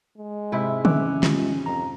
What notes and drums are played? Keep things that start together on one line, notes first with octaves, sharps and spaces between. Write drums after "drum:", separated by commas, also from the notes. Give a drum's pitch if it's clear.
G#3
G#2 C3 E4
C#4 D6 E6 F#6, drum: tom
G#3 F4 G4, drum: snare
F2 A#5